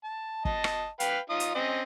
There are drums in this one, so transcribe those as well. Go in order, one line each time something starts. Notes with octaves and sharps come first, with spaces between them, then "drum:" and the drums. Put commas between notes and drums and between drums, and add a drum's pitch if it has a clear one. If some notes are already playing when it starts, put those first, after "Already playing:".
A5
D#5 A5, drum: kick
drum: rim click
B4 F5 G5, drum: hi-hat
D#4 F4 D#6
drum: hi-hat
C4 C#4 D#5